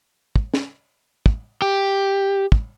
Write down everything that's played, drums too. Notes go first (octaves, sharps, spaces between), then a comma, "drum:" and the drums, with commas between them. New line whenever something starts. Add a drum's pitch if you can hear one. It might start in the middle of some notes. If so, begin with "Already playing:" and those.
drum: kick
drum: snare
drum: kick
G4
drum: kick